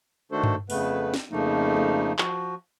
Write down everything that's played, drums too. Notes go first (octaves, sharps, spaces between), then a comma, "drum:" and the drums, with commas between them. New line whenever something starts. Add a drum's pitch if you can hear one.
D#3 A3 D4 F#4 A4 C5
drum: tom G2
F2 C#3 A3 B3 B4, drum: open hi-hat
drum: snare
F2 C#3 F3 A3 A#3 D#4
drum: tom G#3
F3 F#4, drum: clap